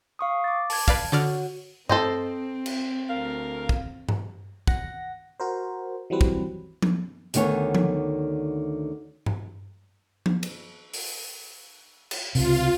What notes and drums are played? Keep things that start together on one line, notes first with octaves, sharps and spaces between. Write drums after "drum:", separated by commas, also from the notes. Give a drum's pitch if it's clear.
F5 C#6 D#6
D6 A6
A5 G#6, drum: open hi-hat
B4 D5 F5, drum: kick
D3 F#4 C#5 D5 F#5 F6
C4 A4 C5 D#5, drum: tom G2
drum: cymbal
D2 A#4 F5
drum: kick
drum: tom G2
F#5 A#6, drum: kick
F#4 A#4 C5
E3 F#3 G3 C4 B4
drum: kick
drum: tom F3
D2 D3 D#3 B3 C#5 G#5, drum: hi-hat
drum: tom F3
drum: tom G2
drum: tom F3
drum: cymbal
drum: open hi-hat
drum: cymbal
C#2 C3 F4, drum: open hi-hat